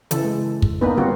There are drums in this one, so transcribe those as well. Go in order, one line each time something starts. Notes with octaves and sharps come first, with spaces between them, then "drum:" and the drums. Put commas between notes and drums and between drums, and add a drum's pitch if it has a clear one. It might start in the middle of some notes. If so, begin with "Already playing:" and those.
C#3 E3 A4, drum: hi-hat
G#3
drum: kick
A#3 B3 D4 D#4 B4
D3 G3 C4 F4 F#4